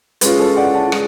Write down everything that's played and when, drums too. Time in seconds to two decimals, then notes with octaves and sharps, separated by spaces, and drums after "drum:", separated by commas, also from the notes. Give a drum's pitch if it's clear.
0.21 G#3 C#4 F4 B4, drum: hi-hat
0.39 A4 C#5
0.56 D5 F#5
0.74 F#5 A5
0.92 G#3, drum: rim click